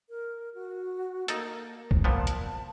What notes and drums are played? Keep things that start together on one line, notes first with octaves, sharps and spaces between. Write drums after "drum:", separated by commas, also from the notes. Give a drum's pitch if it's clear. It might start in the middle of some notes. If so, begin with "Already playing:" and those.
A#4
F#4
A#3 D#4 A4, drum: hi-hat
drum: kick
A#2 F3 B3 A5
drum: hi-hat